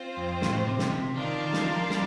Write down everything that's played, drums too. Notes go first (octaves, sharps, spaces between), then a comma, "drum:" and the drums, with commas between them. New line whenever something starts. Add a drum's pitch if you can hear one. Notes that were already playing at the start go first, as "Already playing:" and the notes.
Already playing: C4 F4 C5
F2
A2, drum: snare
C3
drum: snare
C3
D#3 F4 A#4 D5 F5 A5
D#3
drum: snare
F3
G3, drum: snare